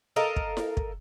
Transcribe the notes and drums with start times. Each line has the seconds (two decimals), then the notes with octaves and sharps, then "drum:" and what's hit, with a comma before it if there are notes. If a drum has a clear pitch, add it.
0.16 A4 A#4 D#5 F5
0.36 drum: kick
0.57 drum: snare E4
0.77 drum: kick